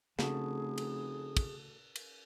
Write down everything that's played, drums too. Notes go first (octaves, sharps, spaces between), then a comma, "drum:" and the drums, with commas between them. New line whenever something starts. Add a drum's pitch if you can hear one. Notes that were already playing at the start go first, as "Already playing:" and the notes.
F1 C#3 A3 F#4 G#4 A4, drum: snare
drum: cymbal
drum: kick, cymbal
drum: cymbal